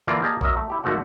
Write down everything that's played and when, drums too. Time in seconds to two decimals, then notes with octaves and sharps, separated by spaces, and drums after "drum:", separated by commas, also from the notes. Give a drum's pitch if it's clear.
0.07 D3 E3 A#3 F4 D5
0.22 A#3 G4 G#4 D#5 A5
0.41 F#3 A#4 D#5 E5, drum: kick B1
0.56 A3
0.70 E4 G4
0.84 G#1 D3 F3 A3 F#4